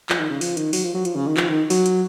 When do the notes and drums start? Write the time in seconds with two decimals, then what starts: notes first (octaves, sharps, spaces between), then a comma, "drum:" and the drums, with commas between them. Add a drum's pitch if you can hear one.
0.09 F3, drum: clap
0.20 D#3
0.31 C#3
0.41 F3, drum: open hi-hat
0.57 D#3, drum: hi-hat
0.73 F#3, drum: open hi-hat
0.84 F3
0.94 F#3
1.05 F3, drum: hi-hat
1.16 C#3
1.27 D#3
1.37 F3, drum: clap
1.49 D#3
1.70 F#3, drum: open hi-hat
1.86 drum: hi-hat